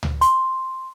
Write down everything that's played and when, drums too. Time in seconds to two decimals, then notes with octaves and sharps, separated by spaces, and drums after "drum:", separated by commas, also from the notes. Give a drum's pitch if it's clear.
0.03 drum: tom C#2
0.21 C6, drum: hi-hat